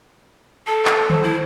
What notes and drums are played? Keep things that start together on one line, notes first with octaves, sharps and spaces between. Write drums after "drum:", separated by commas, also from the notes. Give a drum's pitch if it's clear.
A4 A5
drum: clap
C5, drum: tom D#3
E4